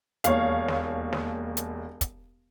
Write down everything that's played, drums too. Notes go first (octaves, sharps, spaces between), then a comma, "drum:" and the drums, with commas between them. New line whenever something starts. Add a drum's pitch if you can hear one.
E1 D#2 C#5 F5, drum: hi-hat
drum: snare
drum: snare
drum: hi-hat
drum: kick, hi-hat